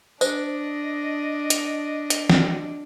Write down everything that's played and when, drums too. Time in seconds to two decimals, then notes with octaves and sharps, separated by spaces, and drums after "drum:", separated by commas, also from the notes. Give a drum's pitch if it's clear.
0.21 D4 C5 D#5, drum: tambourine
1.50 drum: hi-hat
2.10 drum: hi-hat
2.30 drum: snare